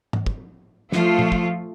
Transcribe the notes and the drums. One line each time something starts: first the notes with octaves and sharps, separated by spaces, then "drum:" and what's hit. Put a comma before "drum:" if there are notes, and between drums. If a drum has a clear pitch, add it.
drum: tom G#2
drum: kick
F3 A3 F4, drum: snare
drum: tom A#2
drum: kick